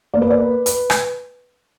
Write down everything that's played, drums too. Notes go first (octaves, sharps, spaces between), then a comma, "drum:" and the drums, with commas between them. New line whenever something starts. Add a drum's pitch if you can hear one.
A#3 D5
B4
D5
B4
B4, drum: hi-hat
drum: rim click